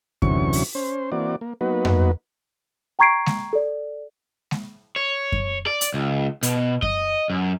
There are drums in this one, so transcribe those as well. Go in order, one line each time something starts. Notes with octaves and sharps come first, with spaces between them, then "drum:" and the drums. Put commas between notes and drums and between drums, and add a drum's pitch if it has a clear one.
D2 C3 E3 F#3 C#4 C#6, drum: kick F#2
drum: open hi-hat
C#4 C5
E3 A#3 C4 F#4 D5
A#3
F#3 A#3 B3 D#4 F#4 B4
drum: tom F2
G5 A#5 C#6 G#6 C7 D7
drum: snare G#3
A4 D5
drum: snare G#3
C#5
drum: kick F#2
D5
drum: hi-hat
C#2
B2, drum: hi-hat
D#5, drum: kick F#2
F#2